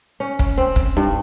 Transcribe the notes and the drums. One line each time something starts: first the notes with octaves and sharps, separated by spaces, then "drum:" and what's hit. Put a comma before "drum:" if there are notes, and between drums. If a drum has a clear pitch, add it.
C#4
drum: kick
C4
drum: kick
G2